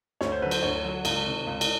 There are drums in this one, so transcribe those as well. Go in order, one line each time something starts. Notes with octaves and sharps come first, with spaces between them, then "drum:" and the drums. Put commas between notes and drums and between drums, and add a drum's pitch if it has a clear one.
D2 C#5, drum: snare
C5
D3 F#3 B4
C5, drum: cymbal
D2 C#5
D3 F#3
C#2, drum: cymbal
C3 D#3
C#2
drum: cymbal